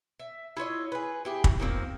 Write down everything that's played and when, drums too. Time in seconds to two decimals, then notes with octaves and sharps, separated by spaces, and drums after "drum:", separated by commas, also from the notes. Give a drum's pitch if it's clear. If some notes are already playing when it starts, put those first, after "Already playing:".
0.20 E5
0.57 E4 F4 C#5 D#5
0.92 G#4 B4
1.25 E4 G4 G#4
1.44 drum: kick
1.60 D#3 F3 A#3 C4